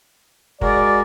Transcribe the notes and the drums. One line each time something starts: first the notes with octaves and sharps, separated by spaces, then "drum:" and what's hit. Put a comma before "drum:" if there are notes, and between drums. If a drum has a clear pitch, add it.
G#3 F#4 A#4 D5, drum: kick